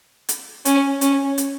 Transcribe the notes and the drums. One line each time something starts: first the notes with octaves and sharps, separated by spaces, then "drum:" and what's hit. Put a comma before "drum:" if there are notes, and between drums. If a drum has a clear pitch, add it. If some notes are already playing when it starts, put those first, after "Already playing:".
drum: hi-hat
C#4, drum: hi-hat
C#4, drum: hi-hat
drum: hi-hat